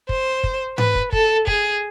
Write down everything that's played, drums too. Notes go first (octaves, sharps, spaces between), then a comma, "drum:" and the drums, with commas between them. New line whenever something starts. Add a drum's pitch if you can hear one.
C5, drum: kick
drum: kick
B4, drum: tom G#2
drum: kick
A4, drum: kick
G#4, drum: kick